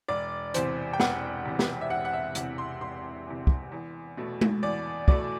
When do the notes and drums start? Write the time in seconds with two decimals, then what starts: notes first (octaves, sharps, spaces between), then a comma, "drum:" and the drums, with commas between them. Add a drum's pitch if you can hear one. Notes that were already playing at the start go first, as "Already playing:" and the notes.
0.08 E1 D5
0.54 E2 C3 C5, drum: hi-hat
0.93 G5
1.00 E1 F#5, drum: snare
1.45 E2 C3
1.59 drum: snare
1.81 E5
1.90 E1 F#5
2.05 F#5
2.13 E5
2.35 E2 C3 F#5, drum: hi-hat
2.58 C6
2.81 E1 C6
3.27 E2 C3
3.47 drum: kick
3.72 E2
4.17 B2 A3
4.41 drum: tom G#3
4.63 E2 D5
5.08 B2 A3 D5, drum: kick